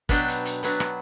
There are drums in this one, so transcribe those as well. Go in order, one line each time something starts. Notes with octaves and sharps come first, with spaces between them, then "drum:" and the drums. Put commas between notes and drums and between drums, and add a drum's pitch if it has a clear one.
B2 F#3 B3 D4 G5, drum: kick, hi-hat
drum: hi-hat
drum: hi-hat
B2 F#3 B3 D4, drum: hi-hat
drum: rim click